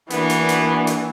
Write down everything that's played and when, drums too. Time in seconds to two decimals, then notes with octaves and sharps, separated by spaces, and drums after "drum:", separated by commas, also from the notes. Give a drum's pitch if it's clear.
0.10 E3 A#3 B3 D4 F#4, drum: hi-hat
0.30 drum: hi-hat
0.49 drum: hi-hat
0.87 drum: hi-hat